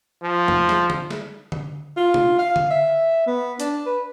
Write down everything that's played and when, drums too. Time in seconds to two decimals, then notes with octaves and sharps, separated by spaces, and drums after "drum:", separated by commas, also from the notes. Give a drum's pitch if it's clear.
0.22 F3
0.48 drum: tom E2
0.69 drum: snare
0.90 drum: tom
1.10 drum: snare
1.52 drum: tom D3
1.97 F4
2.14 drum: tom
2.39 F5
2.56 drum: tom D3
2.70 E5
3.27 B3
3.60 D4, drum: hi-hat
3.86 B4